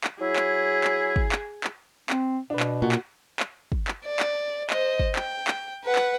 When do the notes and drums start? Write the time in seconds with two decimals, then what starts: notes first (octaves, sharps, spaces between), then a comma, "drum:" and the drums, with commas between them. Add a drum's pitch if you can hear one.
0.04 drum: clap
0.21 F#3 E4 G#4
0.36 drum: clap
0.84 drum: clap
1.16 drum: kick
1.32 drum: clap
1.64 drum: clap
2.10 C4, drum: clap
2.50 B2 D4 B4
2.60 drum: clap
2.82 A#2 F#4
2.92 drum: clap
3.40 drum: clap
3.72 drum: kick
3.88 drum: clap
4.05 D5
4.20 drum: clap
4.70 C5 D#5, drum: clap
5.00 drum: kick
5.16 G5, drum: clap
5.48 drum: clap
5.85 B4 F#5
5.95 drum: clap